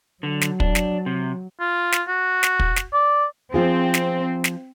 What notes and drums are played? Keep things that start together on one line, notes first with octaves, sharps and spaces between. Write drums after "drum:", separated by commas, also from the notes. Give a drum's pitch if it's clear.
D3 F#3
drum: snare
D4, drum: kick
drum: snare
C3
F4
drum: snare
F#4
drum: snare
drum: kick
drum: snare
D5
F3 C4 F4 G#4
drum: snare
drum: snare